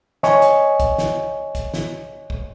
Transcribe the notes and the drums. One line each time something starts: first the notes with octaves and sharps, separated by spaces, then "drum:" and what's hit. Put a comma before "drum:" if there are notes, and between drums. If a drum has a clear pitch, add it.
C#5 D#5 G#5 C#6, drum: snare
drum: hi-hat
drum: kick, hi-hat
drum: snare
drum: kick, hi-hat
drum: snare
drum: kick